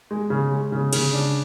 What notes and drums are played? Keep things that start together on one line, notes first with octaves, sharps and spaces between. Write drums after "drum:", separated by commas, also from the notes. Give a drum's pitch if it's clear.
G#3
C#3
G#3
C#3
C#3, drum: cymbal
D4